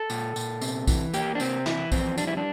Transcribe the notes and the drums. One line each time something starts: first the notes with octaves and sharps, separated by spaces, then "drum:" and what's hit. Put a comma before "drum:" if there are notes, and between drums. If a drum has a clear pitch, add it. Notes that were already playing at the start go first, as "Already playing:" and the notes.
Already playing: A4
A#2, drum: tambourine
A#2, drum: tambourine
C3, drum: tambourine
E3, drum: kick A#1, tambourine
A#3 G4, drum: tambourine
D4
C3 C4, drum: tambourine
E3 E4, drum: snare
F2 C4, drum: kick A#1, tambourine
G3 D4, drum: tambourine
E4
D4